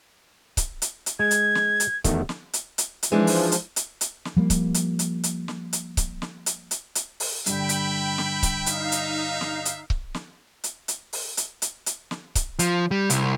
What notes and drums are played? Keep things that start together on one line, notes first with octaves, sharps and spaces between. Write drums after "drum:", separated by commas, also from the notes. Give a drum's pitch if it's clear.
drum: kick C#1, hi-hat
drum: hi-hat
drum: hi-hat
G#3 G#6
drum: hi-hat
drum: snare
drum: hi-hat
E2 D#3 A3, drum: kick C#1, hi-hat
drum: snare
drum: hi-hat
drum: hi-hat
drum: hi-hat
E3 F3 G#3 D4 D#4
drum: open hi-hat
drum: hi-hat
drum: hi-hat
drum: hi-hat
drum: snare
F3 G3 A#3
drum: kick C#1, hi-hat
drum: hi-hat
drum: hi-hat
drum: hi-hat
drum: snare
drum: hi-hat
drum: kick C#1, hi-hat
drum: snare
drum: hi-hat
drum: hi-hat
drum: hi-hat
drum: open hi-hat
G2 D3 E5 G5 B5, drum: hi-hat
drum: hi-hat
drum: snare
drum: kick C#1, hi-hat
D#4 F5, drum: hi-hat
drum: hi-hat
drum: snare
drum: hi-hat
drum: kick C#1
drum: snare
drum: hi-hat
drum: hi-hat
drum: open hi-hat
drum: hi-hat
drum: hi-hat
drum: hi-hat
drum: snare
drum: kick C#1, hi-hat
F3, drum: hi-hat
G3
C2, drum: hi-hat